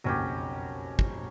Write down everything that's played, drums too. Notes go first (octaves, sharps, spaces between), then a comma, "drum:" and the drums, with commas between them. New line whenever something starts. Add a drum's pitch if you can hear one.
F#1 B1 F2 F#3 C#4 G4
drum: kick